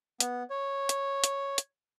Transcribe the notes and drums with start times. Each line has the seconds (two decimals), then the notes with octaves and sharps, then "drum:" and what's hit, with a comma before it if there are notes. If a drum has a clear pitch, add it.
0.20 B3, drum: hi-hat
0.50 C#5
0.89 drum: hi-hat
1.24 drum: hi-hat
1.58 drum: hi-hat